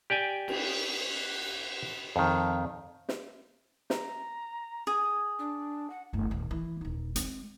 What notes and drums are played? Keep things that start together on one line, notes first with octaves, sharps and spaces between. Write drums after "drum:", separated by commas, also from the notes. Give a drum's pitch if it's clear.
G4 D5 G5 G#5
drum: cymbal
F2 D#3
drum: snare
A#5, drum: snare
G#4
D4
F#5
F#1 A3
D#1
E3
D#1 D#4
G#3 C4, drum: hi-hat